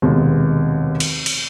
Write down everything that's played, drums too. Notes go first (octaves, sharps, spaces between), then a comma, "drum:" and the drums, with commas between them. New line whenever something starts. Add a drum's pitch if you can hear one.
F1 D#2 B2 G#3 B3
drum: cymbal
drum: cymbal